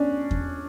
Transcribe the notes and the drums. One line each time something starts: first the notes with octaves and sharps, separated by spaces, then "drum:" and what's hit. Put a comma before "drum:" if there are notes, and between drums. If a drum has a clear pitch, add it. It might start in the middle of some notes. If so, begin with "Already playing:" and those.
Already playing: C#4 D4
drum: kick E2